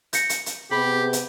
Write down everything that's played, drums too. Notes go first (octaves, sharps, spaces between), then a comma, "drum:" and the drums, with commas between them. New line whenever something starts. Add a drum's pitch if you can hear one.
G6 A#6 C#7, drum: hi-hat
drum: hi-hat
drum: hi-hat
C3 B3 G4 G#4 B5
drum: hi-hat